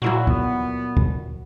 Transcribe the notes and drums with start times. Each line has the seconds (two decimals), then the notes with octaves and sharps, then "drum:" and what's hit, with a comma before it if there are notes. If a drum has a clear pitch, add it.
0.02 A#2 F#3 E4 F#4
0.27 B3, drum: kick C#2
0.97 drum: kick C#2